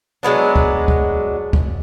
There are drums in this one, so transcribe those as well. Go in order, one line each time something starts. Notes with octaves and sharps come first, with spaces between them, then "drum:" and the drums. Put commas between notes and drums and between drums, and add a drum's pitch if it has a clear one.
F#3 G#3 B3 D4
drum: kick
drum: kick
drum: kick